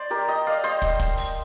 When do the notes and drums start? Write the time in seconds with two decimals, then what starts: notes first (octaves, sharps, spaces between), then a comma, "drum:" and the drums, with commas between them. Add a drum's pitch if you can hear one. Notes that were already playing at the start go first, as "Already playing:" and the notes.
Already playing: C5 D5
0.11 G4 A#4
0.28 D#5 G5
0.47 D5 F5
0.64 C5 D#5, drum: hi-hat
0.82 drum: kick, hi-hat
0.99 drum: kick, hi-hat
1.17 drum: open hi-hat